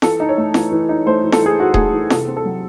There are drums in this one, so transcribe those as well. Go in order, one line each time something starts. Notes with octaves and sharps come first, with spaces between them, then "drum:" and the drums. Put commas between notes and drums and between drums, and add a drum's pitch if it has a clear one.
E3 A4, drum: snare
D#4
C#5
A3
E3, drum: snare
E3
D#4
A3 C5
E3
A4, drum: snare
E3 G#4
D#4 F#4
A3 G#4, drum: kick D#1
E3
C3 A4, drum: snare
C4
A4
F#3